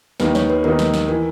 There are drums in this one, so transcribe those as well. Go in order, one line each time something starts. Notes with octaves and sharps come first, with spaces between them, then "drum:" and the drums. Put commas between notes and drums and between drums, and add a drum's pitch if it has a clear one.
D#2 D#3 A#3 D#4 B4, drum: snare
C#5, drum: snare
B4
D#2 D#3 A#3 D#4 A#4
drum: snare
drum: snare
E3 A#4